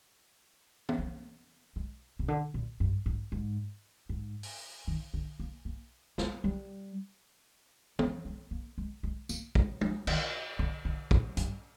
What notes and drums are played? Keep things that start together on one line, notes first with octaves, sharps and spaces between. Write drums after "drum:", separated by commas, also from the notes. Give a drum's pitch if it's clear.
drum: tom
A#3
G#3
C3
D3
A#2
G2
G#2
G#2
G#2
drum: open hi-hat
D#3
D3
A#3
A#3
G#3, drum: snare
G3
G#3, drum: tom
G#3
A#3
G#3
G#3
A#3, drum: tambourine
G#3, drum: kick
F3, drum: tom
D#3, drum: cymbal
D3
D3
A#2, drum: kick
G2, drum: hi-hat